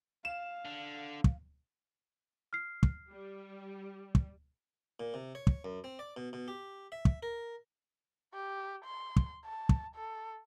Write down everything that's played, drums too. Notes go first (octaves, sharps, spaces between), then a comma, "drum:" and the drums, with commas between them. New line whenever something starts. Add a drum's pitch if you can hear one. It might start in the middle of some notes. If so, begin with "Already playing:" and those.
F5 E7
D3
drum: kick
F6 C7
drum: kick
G3
drum: kick
A#2
C3
C#5
drum: kick
F#2
C4
D5
B2
B2
G4
E5
drum: kick
A#4
G4
C6
drum: kick
A5
drum: kick
A4